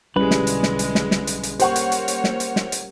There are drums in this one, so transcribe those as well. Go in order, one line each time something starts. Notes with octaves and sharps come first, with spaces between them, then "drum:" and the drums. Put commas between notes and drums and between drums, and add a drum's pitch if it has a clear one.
B1 D3 G3 G#3 C#4 E4 B4
drum: snare
drum: hi-hat
drum: snare
drum: hi-hat
drum: snare
drum: snare
drum: hi-hat
drum: hi-hat
A#3 G4 C5 C#5 F#5 C#6, drum: hi-hat
drum: hi-hat
drum: hi-hat
drum: hi-hat
drum: snare
drum: hi-hat
drum: snare
drum: hi-hat